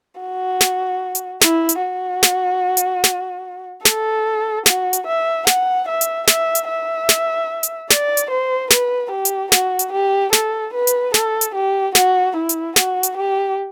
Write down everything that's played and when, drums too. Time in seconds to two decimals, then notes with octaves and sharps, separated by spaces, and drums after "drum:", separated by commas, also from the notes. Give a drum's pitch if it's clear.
0.20 F#4
0.61 drum: snare
1.15 drum: hi-hat
1.42 E4, drum: snare
1.69 drum: hi-hat
1.82 F#4
2.23 drum: snare
2.77 drum: hi-hat
3.04 drum: snare
3.85 A4, drum: snare
4.66 F#4, drum: snare
4.93 drum: hi-hat
5.06 E5
5.47 F#5, drum: snare
5.88 E5
6.01 drum: hi-hat
6.28 E5, drum: snare
6.55 drum: hi-hat
6.68 E5
7.09 drum: snare
7.63 drum: hi-hat
7.91 D5, drum: snare
8.17 drum: hi-hat
8.31 C5
8.71 B4, drum: snare
9.11 G4
9.25 drum: hi-hat
9.52 F#4, drum: snare
9.79 drum: hi-hat
9.92 G4
10.33 A4, drum: snare
10.74 B4
10.87 drum: hi-hat
11.14 A4, drum: snare
11.41 drum: hi-hat
11.55 G4
11.95 F#4, drum: snare
12.36 E4
12.49 drum: hi-hat
12.76 F#4, drum: snare
13.03 drum: hi-hat
13.17 G4